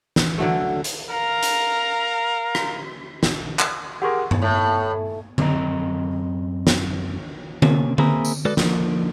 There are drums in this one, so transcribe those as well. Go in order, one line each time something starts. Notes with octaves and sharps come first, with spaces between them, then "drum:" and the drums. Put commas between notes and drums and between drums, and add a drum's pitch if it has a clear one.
E3, drum: snare
D3 F#3 A3
drum: hi-hat
A#4 F5 A#5
drum: hi-hat
drum: rim click
drum: snare
drum: clap
G4 G#4 A#4 F#5 C6 C#6
drum: tom G2
A2
F#2 C4 D#5 A#5, drum: tom D3
drum: snare
C3 A#3 C#4, drum: tom D3
A#3 C4 E4 G#4 A#4, drum: tom D3
drum: tambourine
G#3 F#4 A4 B4 D5
A2 D3 D#3 F3 A#3, drum: snare